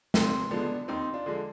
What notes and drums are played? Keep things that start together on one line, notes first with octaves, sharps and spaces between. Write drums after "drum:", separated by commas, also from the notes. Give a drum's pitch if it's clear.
D#2 C4, drum: snare
D3 F3 G#3 B3 D4
D#2 C4 D#4
D4 F4
D3 F3 G#3